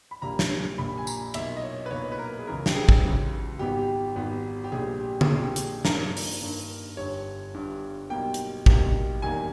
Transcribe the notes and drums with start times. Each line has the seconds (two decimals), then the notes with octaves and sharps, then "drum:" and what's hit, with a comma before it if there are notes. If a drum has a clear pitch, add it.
0.11 B5
0.22 A#1 A#2 G3 A#3 A#5
0.39 drum: snare
0.78 A#1 A#2 G3 A#3 B5
0.98 G#5
1.07 A#5, drum: tambourine
1.34 B1 A#2 A#3 E5, drum: cymbal
1.57 D#5
1.63 C#5
1.86 B4
1.90 B1 A#2 A#3 C#5
2.12 B4
2.18 A#4
2.39 G#4
2.47 C#2 C#3 E3 A#4
2.66 G4, drum: snare
2.75 G#4
2.89 drum: kick
3.04 C#2 C#3 E3
3.59 G#1 G#2 G3 B3 G4
3.79 G4
4.16 G#1 G#2 G3 B3
4.64 G4
4.72 A#1 A#2 G3 G#4
5.00 G4
5.21 G#4, drum: tom
5.28 A#1 A#2 G3 G4
5.56 G#4, drum: hi-hat
5.85 G2 D#3 A#3 A#4, drum: snare
6.17 drum: open hi-hat
6.41 G2 D#3 A#3
6.97 G1 G2 G3 C#5
7.54 G1 G2 G3
8.10 B1 B2 G3 A#3 G5
8.34 drum: hi-hat
8.66 B1 B2 G3 A#3, drum: kick
9.22 E1 E2 D#3 G3 A#3 G#5